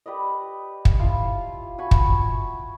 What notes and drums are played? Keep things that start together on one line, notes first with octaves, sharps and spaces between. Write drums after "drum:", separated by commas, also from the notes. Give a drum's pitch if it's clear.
G4 B4 D5 D#5
drum: kick
E4 F4 F5 A5
F#4 G#5 B5 C#6
drum: kick